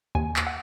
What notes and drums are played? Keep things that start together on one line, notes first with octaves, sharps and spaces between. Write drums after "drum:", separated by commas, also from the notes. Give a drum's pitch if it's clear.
D#2 G#5
drum: clap
F#5